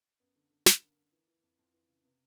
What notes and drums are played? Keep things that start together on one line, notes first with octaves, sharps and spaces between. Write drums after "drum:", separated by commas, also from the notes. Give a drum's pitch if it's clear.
F#2 B3
D3
D3
D3 A#3, drum: snare
D3
F#2
E3
E3
F2
F2
E3
C#3
C3 B3